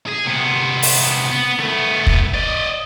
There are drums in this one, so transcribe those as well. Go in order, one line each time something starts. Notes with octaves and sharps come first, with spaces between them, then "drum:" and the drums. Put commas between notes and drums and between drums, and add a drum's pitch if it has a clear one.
G#4
C3 B3
drum: open hi-hat
B3
A3 B3
drum: kick
D5 D#5